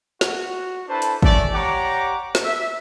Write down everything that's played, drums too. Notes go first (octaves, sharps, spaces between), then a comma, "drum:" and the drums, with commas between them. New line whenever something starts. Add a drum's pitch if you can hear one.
F#4, drum: snare
D4 E4 A4 B4 C5 A5
drum: hi-hat
A3 C#4 A4 D5, drum: kick
G4 C#5 D5 F#5 A#5 D6
drum: snare
E5